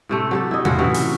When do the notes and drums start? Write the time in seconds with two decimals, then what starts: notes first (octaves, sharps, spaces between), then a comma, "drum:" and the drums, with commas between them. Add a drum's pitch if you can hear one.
0.09 A2 C3 A3
0.31 F#3 G4 A4
0.51 E4 D#5
0.65 A2 F3 C#4 F#4, drum: tom B2
0.79 C3 E3 F#3 C#4
0.94 drum: open hi-hat